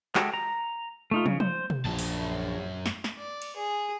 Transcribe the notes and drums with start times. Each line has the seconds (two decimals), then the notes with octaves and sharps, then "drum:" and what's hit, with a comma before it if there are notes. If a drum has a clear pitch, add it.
0.15 G#3 F#4 G4 A4, drum: clap
0.34 A#5
1.11 A3 D#4 F4
1.26 C#3, drum: tom
1.40 C5, drum: tom
1.70 drum: tom B2
1.85 A#1 F#2 A5
1.99 drum: open hi-hat
2.86 drum: snare
3.04 drum: snare
3.17 D5
3.42 drum: cymbal
3.57 G#4